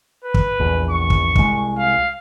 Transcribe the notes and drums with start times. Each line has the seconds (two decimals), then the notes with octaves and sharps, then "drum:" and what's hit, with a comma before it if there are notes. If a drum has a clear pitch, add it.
0.24 B4
0.34 drum: kick
0.60 A#1 E2
0.90 C#6
1.10 drum: kick
1.35 C2 G#3, drum: kick
1.78 F5